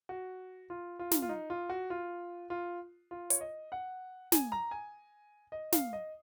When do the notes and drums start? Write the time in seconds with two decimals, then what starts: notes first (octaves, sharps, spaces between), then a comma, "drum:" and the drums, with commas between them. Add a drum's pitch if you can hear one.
0.09 F#4
0.70 F4
0.99 F4
1.11 drum: snare
1.22 F4
1.29 D#4
1.50 F4
1.70 F#4
1.90 F4
2.50 F4
3.11 F4
3.30 C#5, drum: hi-hat
3.41 D#5
3.72 F#5
4.32 G#5, drum: snare
4.52 A#5
4.71 G#5
5.52 D#5
5.72 F5, drum: snare
5.93 D#5